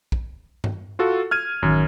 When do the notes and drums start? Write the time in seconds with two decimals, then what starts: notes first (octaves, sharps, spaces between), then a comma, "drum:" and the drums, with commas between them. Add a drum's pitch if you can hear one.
0.12 drum: kick
0.64 drum: tom G2
0.99 F4 F#4 A4
1.31 F6 G#6 D#7
1.63 A1 F#2 D#3